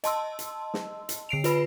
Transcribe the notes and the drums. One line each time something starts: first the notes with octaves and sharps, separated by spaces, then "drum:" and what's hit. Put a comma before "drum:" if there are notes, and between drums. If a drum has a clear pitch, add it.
D#5 A5 C6 E6, drum: hi-hat
drum: hi-hat
drum: snare
drum: hi-hat
D3 C7 D7 F7
F4 B4 B5, drum: hi-hat